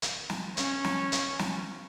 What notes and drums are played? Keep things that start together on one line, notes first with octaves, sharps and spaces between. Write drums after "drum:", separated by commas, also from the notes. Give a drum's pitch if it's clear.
drum: hi-hat
drum: snare
C#4, drum: hi-hat
drum: snare
drum: hi-hat
drum: snare